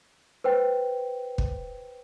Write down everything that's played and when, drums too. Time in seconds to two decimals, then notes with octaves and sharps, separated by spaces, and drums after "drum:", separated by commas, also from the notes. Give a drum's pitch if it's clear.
0.44 B4 C5 G5
1.38 drum: kick